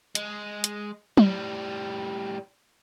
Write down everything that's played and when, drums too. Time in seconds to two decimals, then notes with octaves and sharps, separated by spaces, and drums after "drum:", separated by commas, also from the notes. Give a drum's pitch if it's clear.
0.15 G#3, drum: hi-hat
0.64 drum: hi-hat
1.17 A2 G3, drum: tom